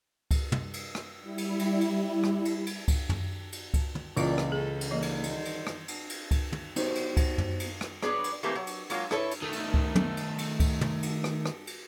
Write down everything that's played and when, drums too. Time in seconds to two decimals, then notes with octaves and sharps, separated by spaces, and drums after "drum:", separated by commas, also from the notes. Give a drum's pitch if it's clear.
0.31 drum: kick C#2, cymbal
0.52 drum: tom
0.74 drum: cymbal
0.95 drum: rim click
1.20 G3 E4
1.38 drum: cymbal
1.59 drum: cymbal
1.81 drum: cymbal
2.24 drum: rim click
2.45 drum: cymbal
2.66 drum: cymbal
2.88 drum: kick C#2, cymbal
3.09 drum: tom
3.52 drum: cymbal
3.74 drum: kick C#2, cymbal
3.95 drum: tom
4.17 C#2 A#2 E3 D4 E4 F4 D5, drum: cymbal
4.38 drum: rim click
4.52 C#4 G#4 A4
4.81 drum: cymbal
4.91 G2 D3 E3 A#3 D#4 D#5
5.02 drum: cymbal
5.24 D#3 C5, drum: cymbal
5.45 drum: cymbal
5.67 drum: rim click
5.88 drum: cymbal
6.10 drum: cymbal
6.31 drum: kick C#2, cymbal
6.52 drum: tom
6.76 B3 D#4 F#4 G4 C5 C#5, drum: cymbal
6.95 drum: cymbal
7.17 drum: kick C#2, cymbal
7.38 drum: tom
7.60 drum: cymbal
7.81 drum: rim click
8.02 F#3 B3 D4 G#4 B4, drum: rim click
8.24 drum: cymbal
8.43 E3 A3 A#3 C4 G4 B4
8.55 F#3
8.67 drum: cymbal
8.90 F#3 G#3 A#3 F4, drum: cymbal
9.11 E4 A4 B4 C#5, drum: rim click
9.31 drum: cymbal
9.42 D#3 A3
9.53 drum: cymbal
9.74 drum: kick C#2
9.95 drum: tom
10.17 drum: cymbal
10.38 drum: cymbal
10.60 drum: kick C#2, cymbal
10.81 drum: tom
11.03 drum: cymbal
11.24 drum: rim click
11.46 drum: rim click
11.67 drum: cymbal